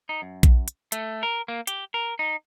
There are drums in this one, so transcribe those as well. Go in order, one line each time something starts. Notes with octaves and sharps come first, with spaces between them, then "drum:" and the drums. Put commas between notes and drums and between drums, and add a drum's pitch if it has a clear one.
D#4
F#2
drum: kick A#1, hi-hat
drum: hi-hat
A3, drum: hi-hat
A#4
A#3
G4, drum: hi-hat
A#4
D#4